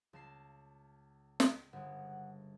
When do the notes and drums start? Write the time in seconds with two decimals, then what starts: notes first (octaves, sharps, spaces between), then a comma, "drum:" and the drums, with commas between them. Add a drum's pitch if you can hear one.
0.13 C#2 A5 C7
1.40 drum: snare
1.73 G1 G#3 F#5